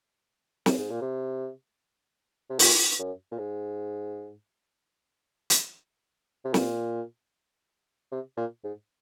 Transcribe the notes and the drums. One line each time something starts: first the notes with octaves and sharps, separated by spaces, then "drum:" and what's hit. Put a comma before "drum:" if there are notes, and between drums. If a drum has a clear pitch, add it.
F#2, drum: snare
G#2
A#2
C3
C3
A#2, drum: open hi-hat
F#2
A#2
G#2
drum: hi-hat
C3
A#2, drum: snare
C3
A#2
G#2